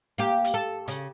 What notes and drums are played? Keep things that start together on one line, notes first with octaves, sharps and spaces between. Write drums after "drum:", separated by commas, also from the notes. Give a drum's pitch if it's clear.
A#3 G4
drum: hi-hat
A4
C#3, drum: hi-hat